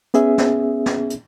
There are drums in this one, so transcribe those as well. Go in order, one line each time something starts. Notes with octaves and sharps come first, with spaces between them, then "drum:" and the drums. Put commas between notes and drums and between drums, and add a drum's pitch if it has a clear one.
B3 C#4 G#4 E5, drum: hi-hat
drum: snare
drum: snare
drum: hi-hat